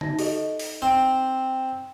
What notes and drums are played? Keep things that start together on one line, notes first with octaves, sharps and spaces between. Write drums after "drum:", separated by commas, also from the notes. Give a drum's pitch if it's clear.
D#4 E5, drum: tom D3
G4 A4 D#5, drum: open hi-hat
drum: open hi-hat
C4